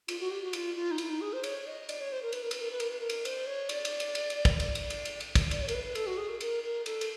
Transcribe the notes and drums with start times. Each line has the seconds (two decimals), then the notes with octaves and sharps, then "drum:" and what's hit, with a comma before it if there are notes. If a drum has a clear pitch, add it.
0.08 F4, drum: cymbal
0.20 F#4
0.31 G4
0.42 F#4
0.53 F4, drum: cymbal
0.76 F4
0.91 D#4
0.98 E4, drum: cymbal
1.10 D#4
1.21 G#4
1.33 C5
1.43 C#5, drum: cymbal
1.67 D#5
1.89 D5, drum: cymbal
2.00 C#5
2.12 C5
2.22 A#4
2.33 B4, drum: cymbal
2.42 A#4
2.51 B4, drum: cymbal
2.61 A#4
2.71 B4
2.80 A#4, drum: cymbal
2.89 B4
2.99 A#4
3.10 drum: cymbal
3.25 C5, drum: cymbal
3.47 C#5
3.69 D5, drum: cymbal
3.85 drum: cymbal
4.00 drum: cymbal
4.15 drum: cymbal
4.30 drum: cymbal
4.45 drum: kick, cymbal
4.60 D5, drum: cymbal
4.75 drum: cymbal
4.90 drum: cymbal
5.05 drum: cymbal
5.20 drum: cymbal
5.35 drum: kick, cymbal
5.51 D5, drum: cymbal
5.62 C#5
5.68 A#4, drum: cymbal
5.74 B4
5.85 B4
5.95 A4, drum: cymbal
6.07 F#4
6.18 G#4
6.29 A#4
6.41 A#4, drum: cymbal
6.64 A#4
6.86 A4, drum: cymbal
7.01 drum: cymbal